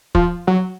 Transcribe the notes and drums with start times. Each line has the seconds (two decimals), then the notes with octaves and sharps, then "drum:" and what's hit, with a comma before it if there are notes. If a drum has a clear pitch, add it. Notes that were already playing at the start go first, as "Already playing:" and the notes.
0.15 F3, drum: kick
0.47 F#3